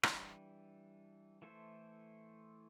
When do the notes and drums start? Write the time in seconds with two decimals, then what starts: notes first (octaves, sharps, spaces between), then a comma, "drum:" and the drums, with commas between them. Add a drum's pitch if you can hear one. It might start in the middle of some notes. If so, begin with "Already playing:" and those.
0.03 E3 G3 D4, drum: rim click
1.42 E3 A3 E4 A4 C5